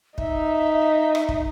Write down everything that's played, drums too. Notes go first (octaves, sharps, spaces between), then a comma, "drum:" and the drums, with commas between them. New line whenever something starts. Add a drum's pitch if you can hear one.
D#4 E5, drum: kick
drum: rim click
drum: kick